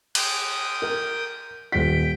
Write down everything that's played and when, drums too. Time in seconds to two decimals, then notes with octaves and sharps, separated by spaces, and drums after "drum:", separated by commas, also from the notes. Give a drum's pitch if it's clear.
0.15 G5 D#6, drum: cymbal
0.82 A#4
1.72 D#1 G5 B6